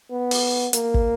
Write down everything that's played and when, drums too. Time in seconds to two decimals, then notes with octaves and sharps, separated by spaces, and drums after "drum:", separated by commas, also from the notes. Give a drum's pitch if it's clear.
0.11 B3
0.31 drum: open hi-hat
0.73 A#3, drum: hi-hat
0.94 drum: kick